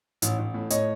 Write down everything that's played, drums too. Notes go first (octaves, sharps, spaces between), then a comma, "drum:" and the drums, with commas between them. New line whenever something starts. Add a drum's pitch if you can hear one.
A1, drum: hi-hat
A1
A2
A2 C#5 D#5, drum: hi-hat